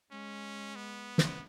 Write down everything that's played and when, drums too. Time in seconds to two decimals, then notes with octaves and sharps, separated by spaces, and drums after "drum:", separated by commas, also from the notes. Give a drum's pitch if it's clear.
0.12 G#3 C#4
0.76 B3
1.18 drum: snare